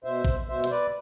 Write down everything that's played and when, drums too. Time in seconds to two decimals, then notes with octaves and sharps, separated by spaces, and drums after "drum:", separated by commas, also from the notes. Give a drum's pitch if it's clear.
0.04 B2 C5 E5
0.25 drum: kick A#1
0.49 B2 C5 E5
0.64 C5, drum: hi-hat
0.71 B4 D5